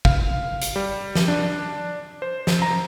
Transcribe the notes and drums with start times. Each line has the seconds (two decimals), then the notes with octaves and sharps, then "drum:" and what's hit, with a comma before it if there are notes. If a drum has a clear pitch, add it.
0.05 F5, drum: kick
0.61 drum: hi-hat
0.76 G3
1.15 drum: snare
1.28 D4
2.22 C5
2.47 drum: snare
2.62 A#5